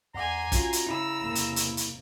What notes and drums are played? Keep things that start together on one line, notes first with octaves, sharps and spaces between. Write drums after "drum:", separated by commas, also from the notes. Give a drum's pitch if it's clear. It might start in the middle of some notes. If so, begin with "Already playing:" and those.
E2 F#5 G#5 A#5 C6 D6
C#4 F4 F#4, drum: kick, hi-hat
drum: hi-hat
C#3 E4 B5 E6
E2 C3 A#3
drum: hi-hat
drum: hi-hat
drum: hi-hat